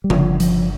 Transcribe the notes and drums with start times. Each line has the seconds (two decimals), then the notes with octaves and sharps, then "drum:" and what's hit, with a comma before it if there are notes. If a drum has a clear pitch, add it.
0.04 G3
0.10 G1 G2 D3 F3, drum: tom C#3
0.40 F3, drum: hi-hat